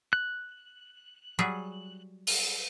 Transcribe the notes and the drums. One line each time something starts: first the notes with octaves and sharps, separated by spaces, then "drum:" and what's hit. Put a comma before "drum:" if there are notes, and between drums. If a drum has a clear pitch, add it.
F#6
F#3 G3 G#4
drum: open hi-hat